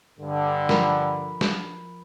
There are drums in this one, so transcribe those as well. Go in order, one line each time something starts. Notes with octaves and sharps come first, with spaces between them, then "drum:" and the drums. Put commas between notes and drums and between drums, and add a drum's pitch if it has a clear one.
G2 D3
F3 A#4 B5, drum: snare
drum: snare